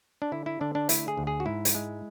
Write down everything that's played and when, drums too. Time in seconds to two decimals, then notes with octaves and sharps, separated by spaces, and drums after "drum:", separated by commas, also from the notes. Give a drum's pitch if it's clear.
0.22 D4
0.32 D3 E4
0.46 E4
0.61 D3 D4
0.75 D4
0.89 A3 E4, drum: hi-hat
1.08 G#4
1.17 D2
1.27 G#4
1.40 F#4
1.46 G#2 E4
1.65 drum: hi-hat
1.75 G#3